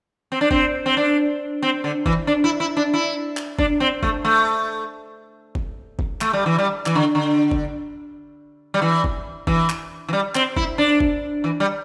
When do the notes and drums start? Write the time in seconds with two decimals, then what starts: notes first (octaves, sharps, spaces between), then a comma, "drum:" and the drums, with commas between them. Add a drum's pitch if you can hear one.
0.32 C4
0.41 D4
0.51 C4, drum: kick
0.86 C4
0.97 D4
1.63 C4
1.84 D3
2.06 E3, drum: kick
2.27 D4
2.44 E4
2.60 E4
2.77 D4
2.94 E4
3.37 drum: clap
3.59 D4, drum: kick
3.80 C4
4.03 A3, drum: kick
4.25 A3
5.55 drum: kick
5.99 drum: kick
6.21 A3, drum: clap
6.33 G3
6.46 E3
6.58 G3
6.86 E3, drum: clap
6.95 D3
7.15 D3
7.51 drum: kick
8.74 G3
8.82 E3
9.04 drum: kick
9.47 E3, drum: kick
9.70 drum: clap
10.09 E3
10.13 G3
10.35 C4, drum: clap
10.56 E4, drum: kick
10.78 D4
11.00 drum: kick
11.44 E3
11.60 G3